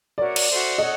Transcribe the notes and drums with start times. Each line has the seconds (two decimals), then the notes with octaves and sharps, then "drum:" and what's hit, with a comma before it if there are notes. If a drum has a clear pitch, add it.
0.18 F#4 A#4 C#5 D5 E5
0.36 drum: cymbal
0.48 F#4 A4 C5 E5
0.78 A4 C#5 D#5 F#5